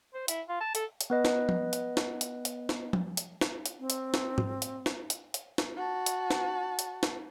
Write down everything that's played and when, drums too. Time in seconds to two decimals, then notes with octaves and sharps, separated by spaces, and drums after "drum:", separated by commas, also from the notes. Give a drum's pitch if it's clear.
0.14 C5
0.28 E4, drum: hi-hat
0.49 F4
0.60 A5
0.75 A4, drum: hi-hat
1.01 drum: hi-hat
1.10 B3 B4 D#5
1.25 drum: snare
1.49 drum: tom F3
1.73 drum: hi-hat
1.97 drum: snare
2.21 drum: hi-hat
2.45 drum: hi-hat
2.69 drum: snare
2.93 drum: tom F3
3.17 drum: hi-hat
3.41 drum: snare
3.66 drum: hi-hat
3.79 C4
3.90 drum: hi-hat
4.14 drum: snare
4.38 drum: tom G#2
4.62 drum: hi-hat
4.86 drum: snare
5.10 drum: hi-hat
5.34 drum: hi-hat
5.58 drum: snare
5.76 F#4 A5
6.06 drum: hi-hat
6.31 drum: snare
6.79 drum: hi-hat
7.03 drum: snare